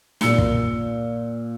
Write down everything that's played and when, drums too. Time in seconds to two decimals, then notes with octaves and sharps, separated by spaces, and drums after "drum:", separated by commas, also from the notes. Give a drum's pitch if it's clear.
0.21 A#2 E6 C#7 G7, drum: snare
0.38 drum: kick